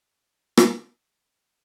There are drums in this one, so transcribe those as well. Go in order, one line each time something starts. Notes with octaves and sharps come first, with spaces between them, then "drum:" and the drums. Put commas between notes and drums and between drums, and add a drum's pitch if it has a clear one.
A#4 D#5
drum: rim click